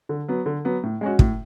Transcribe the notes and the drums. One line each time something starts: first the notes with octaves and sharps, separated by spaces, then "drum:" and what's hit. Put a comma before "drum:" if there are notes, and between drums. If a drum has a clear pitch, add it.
D3
F#3 B3
D3
F#3 B3
A2
G#3 C#4 F#4
A2, drum: kick